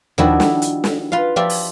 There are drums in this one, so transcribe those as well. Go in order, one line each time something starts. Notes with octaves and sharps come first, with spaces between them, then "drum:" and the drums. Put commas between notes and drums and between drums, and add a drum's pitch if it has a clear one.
D#3 F3 G3 D4 E4 F#4, drum: tom D#2
drum: snare
drum: hi-hat
drum: snare
F4 B4 F5
F3 F4 G4 D5 E5
drum: open hi-hat